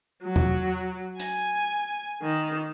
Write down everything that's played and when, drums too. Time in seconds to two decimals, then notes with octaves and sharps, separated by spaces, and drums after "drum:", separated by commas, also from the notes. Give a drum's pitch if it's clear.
0.24 F#3
0.36 drum: tom E2
1.20 G#5, drum: hi-hat
2.22 D#3